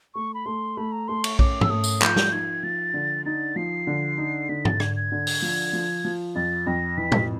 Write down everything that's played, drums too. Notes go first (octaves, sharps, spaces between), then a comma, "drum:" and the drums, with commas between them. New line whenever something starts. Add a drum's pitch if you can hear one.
A3 C#6
B5
A3 C6
A3 B5
A#5
A3 C6
C#6, drum: cymbal
C#4 D6, drum: kick A#1
E6, drum: tom G#2
A3 D#6
drum: tambourine
F3 G6, drum: clap
drum: snare
D#4 G#6
F3 A6
D3
D#4 A6
F3 C7
D3
D#4
D3 B6
A6, drum: tom G#2
D3 G#6, drum: rim click
G#6
D3
drum: open hi-hat
F3
F3
F3
F2 A6
F2 A#6
E3 B6
drum: tom A2